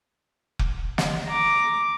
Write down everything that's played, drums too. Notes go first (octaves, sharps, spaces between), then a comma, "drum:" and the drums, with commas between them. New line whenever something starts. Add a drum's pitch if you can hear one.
drum: kick F1
drum: snare
A#5 D6